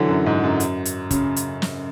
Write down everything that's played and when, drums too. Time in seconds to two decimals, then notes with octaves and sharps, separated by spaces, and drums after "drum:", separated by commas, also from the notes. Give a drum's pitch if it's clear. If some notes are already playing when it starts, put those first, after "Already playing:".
Already playing: D3 E3 F#3
0.09 F#2
0.26 G#2
0.44 F#2
0.60 drum: hi-hat
0.85 drum: hi-hat
1.11 C#3, drum: kick, hi-hat
1.36 drum: hi-hat
1.62 drum: snare